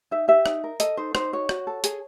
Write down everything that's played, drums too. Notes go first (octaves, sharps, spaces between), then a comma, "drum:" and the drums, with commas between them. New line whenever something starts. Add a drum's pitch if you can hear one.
D#4 E5
G4 E5
D#4, drum: rim click
A#4
A4 D#5, drum: hi-hat
D#4 C5
D#4 C5, drum: rim click
F#4 C#5
F#4, drum: rim click
A4
G#4, drum: hi-hat